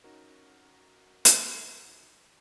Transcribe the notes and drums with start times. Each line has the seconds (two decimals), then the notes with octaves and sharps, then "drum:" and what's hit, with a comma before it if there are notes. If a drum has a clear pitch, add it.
0.04 C#4 D#4 F#4 A#4
1.25 drum: hi-hat